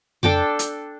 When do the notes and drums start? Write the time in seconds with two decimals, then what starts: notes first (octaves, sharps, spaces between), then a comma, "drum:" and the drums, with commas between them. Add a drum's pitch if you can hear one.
0.23 D4 A4 G5 D6, drum: tom F2
0.59 drum: hi-hat